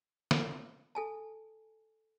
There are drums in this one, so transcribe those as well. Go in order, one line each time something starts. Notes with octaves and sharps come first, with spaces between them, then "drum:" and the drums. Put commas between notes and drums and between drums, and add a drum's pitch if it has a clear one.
drum: snare
A4 G#5 A5